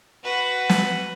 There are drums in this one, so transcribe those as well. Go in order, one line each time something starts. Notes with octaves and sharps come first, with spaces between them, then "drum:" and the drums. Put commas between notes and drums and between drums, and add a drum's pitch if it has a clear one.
F#4 B4
drum: snare